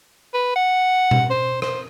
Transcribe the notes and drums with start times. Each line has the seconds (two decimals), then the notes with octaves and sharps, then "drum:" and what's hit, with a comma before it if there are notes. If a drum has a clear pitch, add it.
0.34 B4
0.56 F#5
1.11 drum: tom B2
1.30 C5
1.62 C5, drum: rim click